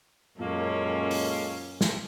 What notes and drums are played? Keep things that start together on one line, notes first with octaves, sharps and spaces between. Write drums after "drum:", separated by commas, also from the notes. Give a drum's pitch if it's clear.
F#2 A#2 G#3 A#3 C#4 A4
drum: open hi-hat
drum: snare